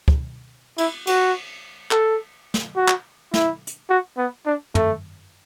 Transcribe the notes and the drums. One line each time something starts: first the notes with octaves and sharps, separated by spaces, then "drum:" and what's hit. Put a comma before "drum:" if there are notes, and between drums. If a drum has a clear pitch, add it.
drum: kick
E4, drum: cymbal
F#4, drum: cymbal
A4, drum: clap
drum: snare
F#4
drum: clap
E4, drum: snare
drum: hi-hat
F#4
B3
D4
A3, drum: tom